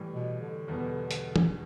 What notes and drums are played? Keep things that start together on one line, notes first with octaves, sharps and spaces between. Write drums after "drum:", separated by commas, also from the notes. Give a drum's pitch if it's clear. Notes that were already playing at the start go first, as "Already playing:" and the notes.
Already playing: A2 E3 G3
B2
D3
E2 B2 G3 B3
drum: hi-hat
drum: tom